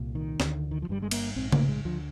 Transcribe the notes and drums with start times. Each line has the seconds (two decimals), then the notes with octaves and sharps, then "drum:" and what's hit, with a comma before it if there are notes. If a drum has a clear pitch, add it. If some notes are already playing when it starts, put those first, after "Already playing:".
Already playing: C2 A#2
0.15 D#3
0.40 D2 D3, drum: snare
0.71 D#3
0.82 F3
0.88 G1 G2 D3 G3
1.02 G#3
1.11 A#3, drum: cymbal
1.36 A#1 G#2 C4
1.52 A#3, drum: tom C#3
1.69 G#3
1.85 D2 D3 F3